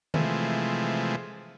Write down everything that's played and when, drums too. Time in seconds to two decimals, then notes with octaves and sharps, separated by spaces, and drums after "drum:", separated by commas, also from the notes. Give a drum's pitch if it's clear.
0.14 C3 E3 F3 G#3 A3, drum: tom D#3